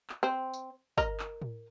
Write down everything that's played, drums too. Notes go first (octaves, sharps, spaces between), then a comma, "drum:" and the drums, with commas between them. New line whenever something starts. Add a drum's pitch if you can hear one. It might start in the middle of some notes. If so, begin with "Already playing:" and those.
drum: clap
C4 C5
drum: tambourine
A#4 D#5 A#5, drum: kick, tambourine
drum: clap
drum: tom A2